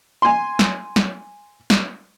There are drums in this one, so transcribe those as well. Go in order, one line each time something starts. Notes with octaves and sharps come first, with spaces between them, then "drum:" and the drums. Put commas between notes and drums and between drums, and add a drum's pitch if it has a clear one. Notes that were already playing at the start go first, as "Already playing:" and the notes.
G#5 C6
drum: snare
drum: snare
drum: snare